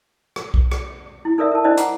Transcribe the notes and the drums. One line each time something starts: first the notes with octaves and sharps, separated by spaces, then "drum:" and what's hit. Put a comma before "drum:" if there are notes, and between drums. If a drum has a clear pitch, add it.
drum: rim click
drum: kick B1
drum: rim click
E4
D#4 A4 A#4 D5 E5
A#4 A5
D4 E4 C5 D5 D#5
F#5 A#5 B5 D6, drum: hi-hat